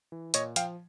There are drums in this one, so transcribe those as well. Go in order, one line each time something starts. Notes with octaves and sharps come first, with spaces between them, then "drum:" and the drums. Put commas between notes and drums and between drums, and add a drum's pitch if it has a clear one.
E3
A#2 C#5 D#5, drum: hi-hat
F3 F5 G5, drum: hi-hat